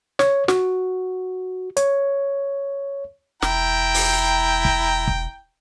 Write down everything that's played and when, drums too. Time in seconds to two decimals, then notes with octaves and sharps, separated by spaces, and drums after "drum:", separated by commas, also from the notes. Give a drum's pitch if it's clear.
0.19 C#5, drum: snare
0.48 F#4, drum: snare
1.77 C#5, drum: hi-hat
3.42 E1 E4 G5 A#5, drum: snare
3.94 drum: open hi-hat
4.65 drum: kick
5.08 drum: kick